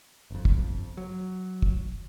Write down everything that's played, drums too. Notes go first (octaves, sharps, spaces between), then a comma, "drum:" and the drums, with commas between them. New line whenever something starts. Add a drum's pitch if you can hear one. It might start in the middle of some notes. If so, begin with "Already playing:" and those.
G1 F2
drum: kick
F#3
drum: kick